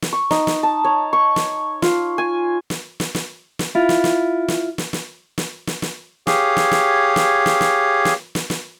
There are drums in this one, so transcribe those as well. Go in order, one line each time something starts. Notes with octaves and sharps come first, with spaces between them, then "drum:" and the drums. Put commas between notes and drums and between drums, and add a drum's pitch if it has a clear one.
drum: snare
C#6
D#4, drum: snare
drum: snare
A5
C#5
C#6
drum: snare
F4, drum: snare
G#5
drum: snare
drum: snare
drum: snare
drum: snare
E4 F4
drum: snare
drum: snare
drum: snare
drum: snare
drum: snare
drum: snare
drum: snare
drum: snare
G4 G#4 C#5 F5, drum: snare
drum: snare
drum: snare
drum: snare
drum: snare
drum: snare
drum: snare
drum: snare
drum: snare